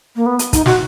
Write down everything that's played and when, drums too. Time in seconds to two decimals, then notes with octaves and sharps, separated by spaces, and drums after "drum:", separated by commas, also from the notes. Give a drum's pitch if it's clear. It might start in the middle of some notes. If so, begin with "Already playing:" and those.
0.16 A#3
0.26 B3
0.39 drum: hi-hat
0.53 D#4, drum: kick, hi-hat
0.66 F#4, drum: snare